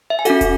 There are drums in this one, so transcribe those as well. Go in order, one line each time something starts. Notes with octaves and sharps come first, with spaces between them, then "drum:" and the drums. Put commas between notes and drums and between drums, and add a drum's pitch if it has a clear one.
E5
G#5
C#4 F#4 A4 F#5, drum: hi-hat
drum: kick, hi-hat